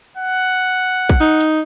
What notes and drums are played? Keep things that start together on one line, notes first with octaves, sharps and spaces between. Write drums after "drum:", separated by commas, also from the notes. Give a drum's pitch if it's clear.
F#5
drum: kick
D#4
drum: hi-hat